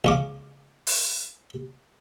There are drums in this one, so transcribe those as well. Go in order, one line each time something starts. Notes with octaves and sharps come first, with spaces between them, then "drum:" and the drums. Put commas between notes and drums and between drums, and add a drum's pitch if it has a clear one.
C#2 C#3 D6
drum: open hi-hat